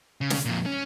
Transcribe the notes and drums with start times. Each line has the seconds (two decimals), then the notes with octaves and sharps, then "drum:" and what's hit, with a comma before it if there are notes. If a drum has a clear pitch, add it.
0.21 C#3
0.30 drum: snare
0.45 F2 A#2
0.66 C#4